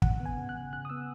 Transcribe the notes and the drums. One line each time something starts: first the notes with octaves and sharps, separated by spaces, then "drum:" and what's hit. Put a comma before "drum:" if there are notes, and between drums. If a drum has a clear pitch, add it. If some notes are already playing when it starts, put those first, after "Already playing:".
C#3 F#5, drum: kick
B3
G#5
C#3
F#6
C#3
C#3 F#6
D#6
B3 E6